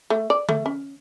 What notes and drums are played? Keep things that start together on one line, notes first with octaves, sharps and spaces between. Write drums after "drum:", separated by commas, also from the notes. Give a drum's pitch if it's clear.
A3
D5
A3, drum: tom D3
C#4